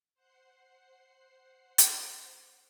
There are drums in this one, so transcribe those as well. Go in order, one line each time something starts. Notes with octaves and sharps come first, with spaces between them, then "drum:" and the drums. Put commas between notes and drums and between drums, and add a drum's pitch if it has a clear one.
C5 F#5 C7
drum: hi-hat